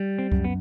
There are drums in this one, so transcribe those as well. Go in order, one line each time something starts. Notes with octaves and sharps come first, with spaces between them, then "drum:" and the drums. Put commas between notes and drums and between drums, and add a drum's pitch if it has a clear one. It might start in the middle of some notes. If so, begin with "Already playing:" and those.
Already playing: G3
C4
F#2, drum: kick C#2
B3